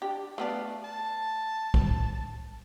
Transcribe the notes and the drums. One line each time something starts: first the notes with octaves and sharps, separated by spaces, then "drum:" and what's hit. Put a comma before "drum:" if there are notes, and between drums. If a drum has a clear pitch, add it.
D4 G4
A3 B3 D4 F5
A5
drum: kick